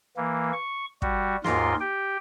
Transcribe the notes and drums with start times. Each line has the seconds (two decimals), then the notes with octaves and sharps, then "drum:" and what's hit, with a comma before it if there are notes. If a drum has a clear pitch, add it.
0.17 E3 A#3
0.53 C#6
1.02 G3 F#4, drum: kick
1.44 D#2 G#2 F4 A#4 C6, drum: snare
1.80 G4 G5